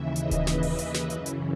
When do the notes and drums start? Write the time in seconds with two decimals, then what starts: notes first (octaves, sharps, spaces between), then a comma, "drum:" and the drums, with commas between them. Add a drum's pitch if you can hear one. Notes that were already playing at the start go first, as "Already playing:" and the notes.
Already playing: D#2 C#3 E3 E5
0.16 D#5, drum: hi-hat
0.31 drum: kick D#1, hi-hat
0.47 B4, drum: snare
0.63 drum: open hi-hat
0.79 drum: hi-hat
0.94 drum: snare
1.10 F#2 C#3 E3, drum: hi-hat
1.26 drum: hi-hat